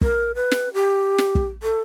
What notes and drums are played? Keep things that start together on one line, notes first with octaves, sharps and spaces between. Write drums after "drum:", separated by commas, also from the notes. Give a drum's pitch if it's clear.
A#4, drum: kick
B4
drum: snare
G4
drum: snare
drum: kick
A4